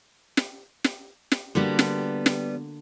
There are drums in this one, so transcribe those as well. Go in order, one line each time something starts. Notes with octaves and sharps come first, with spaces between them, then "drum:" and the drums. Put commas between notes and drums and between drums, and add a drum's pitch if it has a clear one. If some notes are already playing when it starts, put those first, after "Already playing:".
drum: snare
drum: snare
drum: snare
D3 G3 A#3 B3 F#4
drum: snare
drum: snare